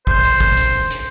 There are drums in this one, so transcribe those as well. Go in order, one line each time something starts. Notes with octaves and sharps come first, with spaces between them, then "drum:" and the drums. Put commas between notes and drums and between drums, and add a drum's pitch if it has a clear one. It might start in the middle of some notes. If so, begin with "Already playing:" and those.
C5, drum: kick
drum: open hi-hat
drum: kick
drum: hi-hat
drum: hi-hat